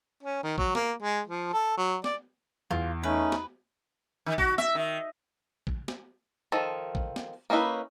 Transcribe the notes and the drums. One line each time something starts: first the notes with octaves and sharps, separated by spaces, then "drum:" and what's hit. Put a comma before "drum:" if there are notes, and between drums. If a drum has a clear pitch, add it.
C#4
D#3
F#3, drum: kick
A#3, drum: snare
G#3
F3
A4
F#3
D5, drum: snare
E2 F4
A3 C#4 D#4 B4
drum: snare
D#3
F#4, drum: kick
E5, drum: snare
D#3
drum: kick
drum: snare
D#3 F3 A4
drum: kick
drum: snare
A#3 C#4 D#4 E4 B4